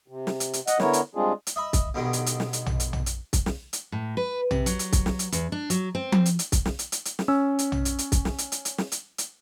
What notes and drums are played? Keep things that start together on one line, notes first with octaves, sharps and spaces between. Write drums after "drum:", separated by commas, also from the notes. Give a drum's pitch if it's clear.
C3
drum: snare
drum: hi-hat
drum: hi-hat
D#5 F#5, drum: hi-hat
D3 B3 E4 A#4 C#5, drum: snare
drum: hi-hat
G3 G#3 C4 D4 F4 G#4
drum: hi-hat
D#5 E5 B5
drum: kick, hi-hat
B1 G2 B2 D3 D#3
drum: hi-hat
drum: hi-hat
drum: snare
drum: hi-hat
drum: tom
drum: hi-hat
drum: tom
drum: hi-hat
drum: kick, hi-hat
drum: snare
drum: hi-hat
A2
B4
C3, drum: tom
F#3, drum: hi-hat
drum: hi-hat
drum: kick, hi-hat
drum: snare
drum: hi-hat
E2, drum: hi-hat
D4
F#3, drum: hi-hat
C4
drum: tom F3
drum: hi-hat
drum: hi-hat
drum: kick, hi-hat
drum: snare
drum: hi-hat
drum: hi-hat
drum: hi-hat
drum: snare
C#4 E6
drum: hi-hat
drum: tom
drum: hi-hat
drum: hi-hat
drum: kick, hi-hat
drum: snare
drum: hi-hat
drum: hi-hat
drum: hi-hat
drum: snare
drum: hi-hat
drum: hi-hat